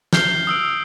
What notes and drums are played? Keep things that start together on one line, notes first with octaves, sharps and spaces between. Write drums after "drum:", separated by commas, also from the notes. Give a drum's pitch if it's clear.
F6 G6 C7 G7, drum: snare
D#6 E6 D7